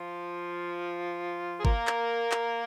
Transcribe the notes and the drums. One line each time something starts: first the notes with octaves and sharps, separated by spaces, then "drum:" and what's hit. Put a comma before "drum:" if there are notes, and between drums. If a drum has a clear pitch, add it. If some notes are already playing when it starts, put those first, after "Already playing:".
Already playing: F3 F4
G#4
A#3 A#4, drum: kick G1
drum: clap
drum: clap